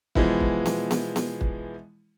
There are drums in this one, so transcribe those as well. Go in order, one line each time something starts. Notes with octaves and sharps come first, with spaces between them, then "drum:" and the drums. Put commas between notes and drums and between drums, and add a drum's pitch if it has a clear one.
B2 E3 F3 G#3 B3 E4, drum: kick
drum: kick
drum: snare B3
drum: snare B3
drum: snare B3
drum: kick